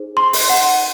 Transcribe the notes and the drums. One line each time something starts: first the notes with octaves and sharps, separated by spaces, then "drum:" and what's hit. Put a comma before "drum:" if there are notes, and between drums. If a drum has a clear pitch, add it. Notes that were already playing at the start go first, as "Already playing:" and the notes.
Already playing: D#4 G#4 C5
C6
drum: open hi-hat
F#5